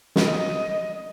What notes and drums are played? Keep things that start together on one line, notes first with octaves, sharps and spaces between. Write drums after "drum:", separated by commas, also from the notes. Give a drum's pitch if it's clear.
D#5, drum: snare